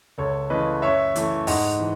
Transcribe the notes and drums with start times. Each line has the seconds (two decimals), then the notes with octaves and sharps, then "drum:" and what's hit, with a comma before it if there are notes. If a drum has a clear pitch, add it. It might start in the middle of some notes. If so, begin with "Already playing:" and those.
0.18 C#2 A4 C#5
0.50 C#3 E3 A3 B4 D#5
0.82 F#2 C#5 E5
1.16 E3 A3, drum: hi-hat
1.47 G#2 D#5 F#5, drum: open hi-hat
1.80 E3